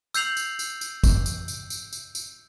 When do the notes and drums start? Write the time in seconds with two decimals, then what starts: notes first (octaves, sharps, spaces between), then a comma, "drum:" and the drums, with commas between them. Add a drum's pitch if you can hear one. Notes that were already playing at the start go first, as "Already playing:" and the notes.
0.14 E6 G6 C7 F7 F#7, drum: tambourine
0.37 drum: tambourine
0.59 drum: tambourine
0.81 drum: tambourine
1.04 drum: kick, tambourine
1.26 drum: tambourine
1.48 drum: tambourine
1.70 drum: tambourine
1.93 drum: tambourine
2.15 drum: tambourine